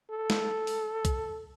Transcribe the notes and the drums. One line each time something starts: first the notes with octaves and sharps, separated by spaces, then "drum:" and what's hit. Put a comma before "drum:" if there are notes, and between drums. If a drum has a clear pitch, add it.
A4
drum: snare
drum: open hi-hat
drum: kick C2, hi-hat